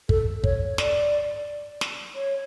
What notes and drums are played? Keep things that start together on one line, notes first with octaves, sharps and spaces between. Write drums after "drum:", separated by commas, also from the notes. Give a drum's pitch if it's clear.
A4, drum: kick
C#5, drum: kick
D5, drum: snare
drum: snare
C#5